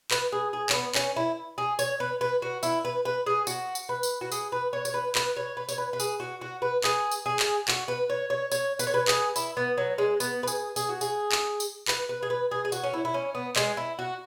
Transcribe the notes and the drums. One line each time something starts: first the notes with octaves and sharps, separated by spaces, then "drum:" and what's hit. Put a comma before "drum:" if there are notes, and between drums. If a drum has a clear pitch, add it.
B4, drum: clap
G#4
G#4
C#4, drum: clap
B3
C#4, drum: clap
E4
G#4
C#5, drum: tambourine
B4
B4
F#4
E4, drum: tambourine
B4
B4
G#4
F#4, drum: tambourine
drum: tambourine
B4
drum: tambourine
F#4
G#4, drum: tambourine
B4
C#5
C#5, drum: tambourine
B4
B4, drum: clap
C#5
B4
C#5, drum: tambourine
B4
B4
G#4, drum: tambourine
F#4
F#4
B4
G#4, drum: clap
drum: tambourine
G#4
drum: clap
F#4, drum: clap
B4
C#5
C#5
C#5, drum: tambourine
B4, drum: tambourine
C#5
B4
G#4, drum: clap
E4, drum: tambourine
B3
F#3
G#3
B3, drum: tambourine
B4
G#4, drum: tambourine
G#4, drum: tambourine
F#4
G#4, drum: tambourine
drum: clap
drum: tambourine
B4, drum: clap
B4
G#4
B4
G#4
G#4
F#4, drum: tambourine
C#4
E4
E4
C#4
B3
G#3, drum: clap
E4
F#4